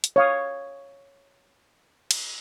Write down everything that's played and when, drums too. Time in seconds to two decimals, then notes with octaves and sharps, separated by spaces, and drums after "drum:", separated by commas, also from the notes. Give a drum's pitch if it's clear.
0.04 drum: hi-hat
0.16 C#5 F5 D#6
2.11 drum: cymbal